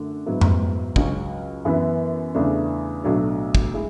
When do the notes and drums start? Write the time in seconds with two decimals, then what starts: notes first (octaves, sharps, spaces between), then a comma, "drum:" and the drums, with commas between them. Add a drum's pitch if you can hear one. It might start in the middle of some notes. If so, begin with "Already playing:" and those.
Already playing: F#2 D3 A3 D4
0.26 G#2 F#3 B3 E4
0.41 drum: tom F2
0.96 C#2 C#3 F#3 C#4, drum: kick
1.65 F#2 E3 B3 E4 B4
2.35 E2 C#3 E3 A3 D4
3.04 B1 A2 F#3 A3 D4
3.55 drum: kick
3.74 G#3 E4